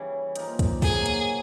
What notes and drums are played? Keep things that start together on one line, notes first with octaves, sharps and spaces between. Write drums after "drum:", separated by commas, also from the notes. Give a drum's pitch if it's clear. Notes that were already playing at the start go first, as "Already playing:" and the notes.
Already playing: C#3 E3 G3
F3 A#3 D#4, drum: hi-hat
drum: kick, hi-hat
A#2 F#3 A#3 G#4, drum: kick, open hi-hat
drum: hi-hat